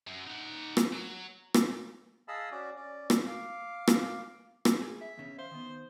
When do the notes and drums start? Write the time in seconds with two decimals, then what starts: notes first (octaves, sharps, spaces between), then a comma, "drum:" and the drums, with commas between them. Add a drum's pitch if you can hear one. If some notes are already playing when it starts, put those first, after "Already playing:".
0.07 F#2
0.27 D#4 F#5
0.77 drum: rim click
0.93 F#3
1.54 drum: rim click
2.28 G#4 D#5 F5 A5 B5 E6
2.51 C#4 F#4 D5
2.76 C#4 D5
3.10 drum: rim click
3.26 F5 D6
3.87 drum: rim click
4.65 drum: rim click
4.82 G#4
5.01 E5
5.18 E2 C#3 C#4
5.39 C5 F5
5.51 D#3 B3